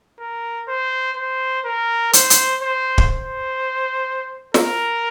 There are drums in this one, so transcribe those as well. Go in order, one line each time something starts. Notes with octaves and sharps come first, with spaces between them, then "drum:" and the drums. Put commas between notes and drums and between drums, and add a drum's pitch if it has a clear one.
A#4
C5
C5
A#4
C5, drum: hi-hat
drum: hi-hat
C5
drum: kick
C5
A#4, drum: snare